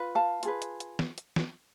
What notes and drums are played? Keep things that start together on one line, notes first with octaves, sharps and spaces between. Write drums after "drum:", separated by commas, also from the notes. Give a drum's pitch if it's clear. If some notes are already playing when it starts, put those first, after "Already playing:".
Already playing: F4 B4
F5 A5
F4 G#4 B4, drum: hi-hat
drum: hi-hat
drum: hi-hat
drum: snare
drum: hi-hat
drum: snare